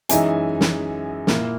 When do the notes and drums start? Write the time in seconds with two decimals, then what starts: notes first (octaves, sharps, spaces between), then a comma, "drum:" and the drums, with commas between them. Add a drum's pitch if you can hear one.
0.09 F#2 E3 G#3 D#4 E5 G#5, drum: hi-hat
0.61 drum: snare
1.27 A#2 A#3 E4, drum: snare